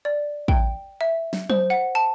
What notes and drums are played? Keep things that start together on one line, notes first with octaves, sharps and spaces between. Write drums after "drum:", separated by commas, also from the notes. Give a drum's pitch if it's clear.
D5
G5, drum: kick
E5
drum: snare
C5, drum: tom F#3
F#5
A5